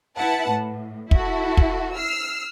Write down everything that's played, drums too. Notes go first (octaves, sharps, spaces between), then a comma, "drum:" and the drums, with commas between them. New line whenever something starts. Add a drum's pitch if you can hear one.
E4 B4 F#5 A5
A2
E4 F#4 A4, drum: kick
drum: kick
E6 F6 C7